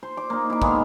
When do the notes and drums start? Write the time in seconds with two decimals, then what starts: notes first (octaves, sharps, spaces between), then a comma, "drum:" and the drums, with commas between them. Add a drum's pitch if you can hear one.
0.03 C5
0.17 D6
0.30 A#3 D#4
0.50 E4 D6
0.62 D#3 G#3 B3 F5, drum: kick